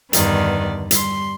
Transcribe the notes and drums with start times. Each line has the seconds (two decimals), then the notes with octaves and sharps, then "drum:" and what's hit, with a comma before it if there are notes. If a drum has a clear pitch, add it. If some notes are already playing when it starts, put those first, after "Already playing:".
0.13 E2 G2 D3 D#3 B3 D5, drum: hi-hat
0.91 G3 C6, drum: hi-hat